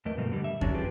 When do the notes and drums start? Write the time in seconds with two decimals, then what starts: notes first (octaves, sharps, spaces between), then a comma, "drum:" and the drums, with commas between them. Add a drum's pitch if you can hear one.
0.05 E2 E3 A3 A#4 D#5
0.17 G2 B2 F3 A3 A#3
0.32 D3 G3
0.44 E5
0.61 D3 E3 F#3 C#4 D4, drum: kick F2
0.74 G#3 F4 G4 G#4 B4